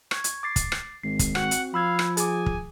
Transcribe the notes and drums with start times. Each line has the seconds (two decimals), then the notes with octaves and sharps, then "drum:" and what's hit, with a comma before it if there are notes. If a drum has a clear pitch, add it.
0.11 C#6 G#6, drum: rim click
0.24 drum: hi-hat
0.43 D6 A6 C7
0.56 drum: kick, hi-hat
0.72 drum: rim click
1.03 G#1 C7
1.19 drum: kick, hi-hat
1.35 C4 F#4 F#5, drum: rim click
1.51 drum: hi-hat
1.74 F3 F5 B5 E6 G#6
1.99 drum: rim click
2.17 G#4 G#5 D6, drum: hi-hat
2.46 drum: kick